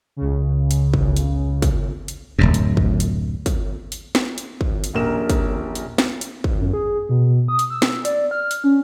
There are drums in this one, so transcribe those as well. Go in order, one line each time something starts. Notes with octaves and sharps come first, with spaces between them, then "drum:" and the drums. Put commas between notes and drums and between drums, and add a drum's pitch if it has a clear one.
C#2 C#3
drum: hi-hat
drum: kick
drum: hi-hat
drum: kick, hi-hat
drum: hi-hat
D1 G#1 F#2
drum: hi-hat
drum: kick
drum: hi-hat
drum: kick, hi-hat
drum: hi-hat
drum: snare
drum: hi-hat
drum: kick
drum: hi-hat
D#1 A#1 A#2 A#4 E7
drum: kick, hi-hat
drum: hi-hat
drum: snare
drum: hi-hat
drum: kick
F#2
G#4
B2
D#6
drum: hi-hat
E6
drum: snare
D5, drum: hi-hat
F6
drum: hi-hat
C#4